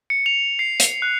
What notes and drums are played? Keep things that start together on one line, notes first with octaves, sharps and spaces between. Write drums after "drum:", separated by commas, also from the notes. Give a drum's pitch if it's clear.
C#7
F7
C7
drum: hi-hat
F#6